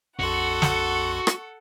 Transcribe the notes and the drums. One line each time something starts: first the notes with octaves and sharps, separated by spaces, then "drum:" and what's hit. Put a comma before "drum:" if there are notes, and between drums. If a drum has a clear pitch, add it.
A#1 F2 F#4 A4 F#5 C6 C#6
drum: snare
drum: rim click